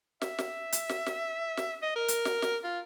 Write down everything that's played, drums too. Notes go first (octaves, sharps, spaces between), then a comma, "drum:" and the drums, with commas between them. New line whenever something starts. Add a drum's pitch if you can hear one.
E5, drum: snare
drum: snare
drum: hi-hat
drum: snare
drum: snare
drum: snare
D#5
A#4
drum: hi-hat
drum: snare
drum: snare
F4